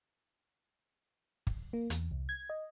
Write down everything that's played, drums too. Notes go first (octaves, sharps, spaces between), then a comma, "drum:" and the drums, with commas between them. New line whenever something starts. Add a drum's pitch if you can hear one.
drum: kick
A#3
E2, drum: hi-hat
C2
G#6
D#5